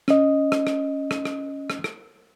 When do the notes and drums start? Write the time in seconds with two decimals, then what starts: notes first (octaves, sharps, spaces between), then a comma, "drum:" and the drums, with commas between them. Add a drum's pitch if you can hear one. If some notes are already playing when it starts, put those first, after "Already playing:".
0.08 C#4 D#5, drum: rim click
0.52 drum: rim click
0.67 drum: rim click
1.11 drum: rim click
1.25 drum: rim click
1.70 drum: rim click
1.84 drum: rim click